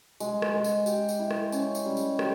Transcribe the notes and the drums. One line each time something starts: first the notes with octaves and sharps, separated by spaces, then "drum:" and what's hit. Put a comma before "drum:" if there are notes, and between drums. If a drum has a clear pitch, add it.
G#3, drum: tambourine
drum: rim click
G#3
drum: tambourine
G4, drum: tambourine
drum: tambourine
E4
drum: rim click
C#4, drum: tambourine
drum: tambourine
G3
drum: tambourine
G4, drum: rim click